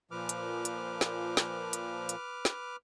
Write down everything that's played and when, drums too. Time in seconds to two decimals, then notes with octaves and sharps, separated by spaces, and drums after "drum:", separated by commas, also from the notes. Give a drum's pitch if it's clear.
0.11 A#2 F3 B4 D6 F6
0.29 drum: hi-hat
0.65 drum: hi-hat
1.01 drum: snare
1.37 drum: snare
1.73 drum: hi-hat
2.09 drum: hi-hat
2.45 drum: snare